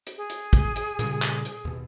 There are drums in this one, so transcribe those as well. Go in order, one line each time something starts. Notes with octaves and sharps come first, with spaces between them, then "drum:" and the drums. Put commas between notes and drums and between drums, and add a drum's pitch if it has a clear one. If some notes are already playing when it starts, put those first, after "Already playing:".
drum: hi-hat
G#4
drum: hi-hat
drum: kick, hi-hat
drum: hi-hat
A#2 C#3 G3, drum: hi-hat
drum: clap
drum: hi-hat
D#2 B2